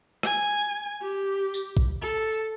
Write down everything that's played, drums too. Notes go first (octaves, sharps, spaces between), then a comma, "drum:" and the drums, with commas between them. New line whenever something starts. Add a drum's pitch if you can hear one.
G#5, drum: rim click
G4
drum: tambourine
drum: kick
A4